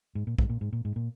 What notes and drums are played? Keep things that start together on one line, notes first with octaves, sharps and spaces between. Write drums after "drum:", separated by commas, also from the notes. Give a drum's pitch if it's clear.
G#2
A#2
G#2, drum: kick
A#2
G#2
A#2
G#2
A#2